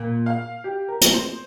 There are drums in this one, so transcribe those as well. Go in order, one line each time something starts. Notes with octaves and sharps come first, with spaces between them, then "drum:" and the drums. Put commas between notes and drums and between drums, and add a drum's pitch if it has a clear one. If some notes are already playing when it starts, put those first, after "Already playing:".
Already playing: A#2 A#3
F5
G4
A#4
drum: hi-hat
C5